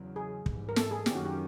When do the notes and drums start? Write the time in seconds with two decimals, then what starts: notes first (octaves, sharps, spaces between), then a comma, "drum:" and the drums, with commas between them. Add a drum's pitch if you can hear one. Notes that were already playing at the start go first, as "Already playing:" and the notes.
Already playing: E2 C#3 F#3
0.16 G#4
0.46 G#2 E3 G3, drum: kick
0.69 A#4
0.76 A4, drum: snare
0.91 G#4
1.06 F#2 D#3 F#3 A#3 C#4 G4, drum: snare
1.15 F#4
1.26 G4